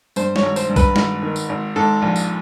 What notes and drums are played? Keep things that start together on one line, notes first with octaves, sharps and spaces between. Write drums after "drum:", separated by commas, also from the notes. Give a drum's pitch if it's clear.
G2 C5, drum: tambourine
C#5, drum: snare
G#1
C5, drum: tambourine
G2
B4, drum: kick A#1, tambourine
G#1, drum: snare
D#3
drum: tambourine
G#1
G#2 A4
A#1
drum: tambourine